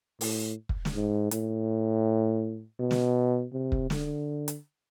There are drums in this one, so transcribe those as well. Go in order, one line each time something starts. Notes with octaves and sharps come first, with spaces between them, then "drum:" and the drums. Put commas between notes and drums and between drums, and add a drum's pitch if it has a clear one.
A2, drum: open hi-hat
drum: kick
drum: snare
G#2
A2, drum: hi-hat
B2
drum: snare
C3
drum: kick
D3, drum: snare
drum: hi-hat